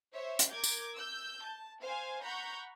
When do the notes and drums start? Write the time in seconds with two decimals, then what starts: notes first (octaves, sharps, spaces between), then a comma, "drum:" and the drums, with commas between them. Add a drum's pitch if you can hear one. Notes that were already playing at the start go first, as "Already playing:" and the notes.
0.14 C5 C#5 E5
0.39 drum: hi-hat
0.51 A#4 D6 G6 G#6
0.64 drum: tambourine
0.96 E6 G6
1.45 A5
1.82 C5 F5 G#5
2.24 F#5 A#5 B5 C#6 G6